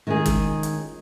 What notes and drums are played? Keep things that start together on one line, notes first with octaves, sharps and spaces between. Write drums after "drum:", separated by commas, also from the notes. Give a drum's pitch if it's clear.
D#3 G#3 C#4 F4 G#4
drum: kick G1, hi-hat
drum: hi-hat